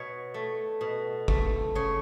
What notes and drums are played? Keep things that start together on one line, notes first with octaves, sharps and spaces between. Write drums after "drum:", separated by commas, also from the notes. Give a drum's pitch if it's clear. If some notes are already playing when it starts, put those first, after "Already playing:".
Already playing: B2 C#5
A3
B2
A3, drum: kick F#1
C#3 C#5